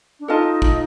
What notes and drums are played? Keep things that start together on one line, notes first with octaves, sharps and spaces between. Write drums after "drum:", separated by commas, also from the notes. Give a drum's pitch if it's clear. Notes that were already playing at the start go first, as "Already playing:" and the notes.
D4
D#4 F4 A4 D#5 A5
drum: kick